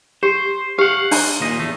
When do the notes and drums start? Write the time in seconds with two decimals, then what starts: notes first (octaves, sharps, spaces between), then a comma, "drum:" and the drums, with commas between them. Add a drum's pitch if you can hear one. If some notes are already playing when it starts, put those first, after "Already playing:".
0.23 G4 C5
0.79 G4 F5 F#5
1.11 D4, drum: open hi-hat
1.40 D#2 A#2 D#5
1.60 E2 A3